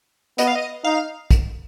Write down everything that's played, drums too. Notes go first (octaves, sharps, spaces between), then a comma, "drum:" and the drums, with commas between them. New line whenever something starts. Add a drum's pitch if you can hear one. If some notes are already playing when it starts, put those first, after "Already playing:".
B3 D#5, drum: hi-hat
F5
D#5
D#4 F5
drum: kick, hi-hat